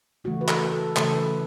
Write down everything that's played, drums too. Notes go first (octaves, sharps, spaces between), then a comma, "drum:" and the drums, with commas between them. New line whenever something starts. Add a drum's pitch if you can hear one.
C#3 E3 A3 F#4
B4
A4, drum: clap
A4
C#3 E3 A3 A4, drum: clap
B4